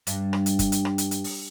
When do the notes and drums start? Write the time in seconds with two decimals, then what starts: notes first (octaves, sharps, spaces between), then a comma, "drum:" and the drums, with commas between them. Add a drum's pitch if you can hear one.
0.07 G2, drum: hi-hat
0.33 drum: rim click
0.46 drum: hi-hat
0.59 drum: kick F#1, hi-hat
0.72 drum: hi-hat
0.85 drum: rim click
0.98 drum: hi-hat
1.11 drum: hi-hat
1.24 drum: open hi-hat